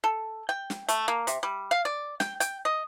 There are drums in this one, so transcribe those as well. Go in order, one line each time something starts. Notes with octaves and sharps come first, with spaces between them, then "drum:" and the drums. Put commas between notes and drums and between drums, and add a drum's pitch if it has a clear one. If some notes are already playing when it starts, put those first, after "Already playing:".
A4
G5
drum: snare
A3, drum: hi-hat
A#3
C3, drum: hi-hat
G3
F5
D5
G5, drum: snare
G5, drum: hi-hat
D#5